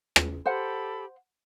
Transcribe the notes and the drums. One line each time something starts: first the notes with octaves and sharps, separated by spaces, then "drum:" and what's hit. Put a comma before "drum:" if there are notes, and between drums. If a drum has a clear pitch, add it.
drum: rim click
G4 A4 C5 F#5 B5